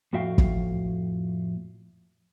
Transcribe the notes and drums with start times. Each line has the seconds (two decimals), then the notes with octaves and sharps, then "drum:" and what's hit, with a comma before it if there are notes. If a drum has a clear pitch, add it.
0.13 F2 A2 F#4 E5 F5 G5
0.38 drum: kick